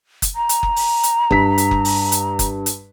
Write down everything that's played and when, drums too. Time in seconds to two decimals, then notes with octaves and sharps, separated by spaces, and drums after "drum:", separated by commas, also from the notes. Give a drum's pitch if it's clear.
0.22 drum: kick F#1, hi-hat
0.36 A#5
0.49 drum: hi-hat
0.63 drum: kick F#1
0.76 drum: open hi-hat
1.03 drum: hi-hat
1.31 G2 B6, drum: kick F#1
1.58 drum: hi-hat
1.71 drum: kick F#1
1.85 drum: open hi-hat
2.12 drum: hi-hat
2.39 drum: kick F#1, hi-hat
2.66 drum: hi-hat